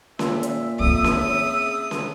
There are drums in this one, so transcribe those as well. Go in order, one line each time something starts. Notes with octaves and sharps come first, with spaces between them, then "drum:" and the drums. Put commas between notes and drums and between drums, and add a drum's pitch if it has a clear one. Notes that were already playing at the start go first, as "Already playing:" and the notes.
A#2 E5, drum: snare C#4
drum: hi-hat
F2 A#3 C4 D#6
drum: snare C#4
C#3
drum: snare C#4